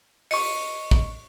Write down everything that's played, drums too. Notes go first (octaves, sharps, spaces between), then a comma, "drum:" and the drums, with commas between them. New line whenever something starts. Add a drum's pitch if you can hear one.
D#5 C#6 C#7, drum: open hi-hat
drum: kick